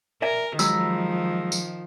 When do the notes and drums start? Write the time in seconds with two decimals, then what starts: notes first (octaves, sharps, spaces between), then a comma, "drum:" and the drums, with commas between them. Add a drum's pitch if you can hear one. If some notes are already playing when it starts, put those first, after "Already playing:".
0.22 A#4 D5 E5 G#5
0.59 D#3 F3 F#3 G#3 G4 A#5 B5 E6, drum: tambourine
1.52 drum: tambourine